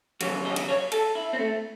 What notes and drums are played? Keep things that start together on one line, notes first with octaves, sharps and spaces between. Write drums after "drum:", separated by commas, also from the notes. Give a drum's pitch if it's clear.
D#2 C#3 F#3 C#5, drum: cymbal
D#5
drum: cymbal
C#5
A4, drum: cymbal
E4
C4
A3